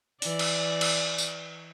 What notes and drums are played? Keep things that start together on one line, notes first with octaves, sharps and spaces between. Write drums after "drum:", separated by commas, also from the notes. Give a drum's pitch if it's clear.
E3 D5, drum: open hi-hat
drum: cymbal
drum: cymbal
drum: tambourine